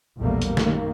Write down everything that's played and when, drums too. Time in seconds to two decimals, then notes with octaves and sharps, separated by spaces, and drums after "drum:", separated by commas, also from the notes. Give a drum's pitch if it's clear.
0.18 A#1 E2 B2 G3 A3 A#3
0.42 drum: hi-hat
0.57 F#2 D#3 A#3, drum: snare